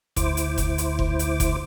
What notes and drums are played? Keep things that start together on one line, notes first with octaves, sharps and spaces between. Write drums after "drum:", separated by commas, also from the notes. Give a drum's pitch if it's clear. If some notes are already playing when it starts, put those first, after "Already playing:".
D2 E4 C5 D6, drum: kick F1, hi-hat
drum: hi-hat
drum: kick F1, hi-hat
drum: hi-hat
drum: kick F1
drum: hi-hat
drum: kick F1, hi-hat